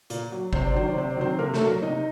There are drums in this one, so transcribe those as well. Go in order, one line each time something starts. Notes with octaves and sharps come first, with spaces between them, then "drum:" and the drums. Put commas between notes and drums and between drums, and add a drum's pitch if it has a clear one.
A#2, drum: hi-hat
F#3
C3 C5, drum: kick G1
D5
D#3 F#3 C5
D5
C3 C5
D5
D#3 F#3 C4 C5
C3 A#3 A#4
A3 A4, drum: snare
F#3
A#3 A#4
C3 D#4 D#5